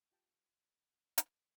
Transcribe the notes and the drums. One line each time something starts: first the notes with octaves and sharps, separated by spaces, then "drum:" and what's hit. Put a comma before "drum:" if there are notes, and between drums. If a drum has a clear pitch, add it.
F4 G4 G5 A5
drum: hi-hat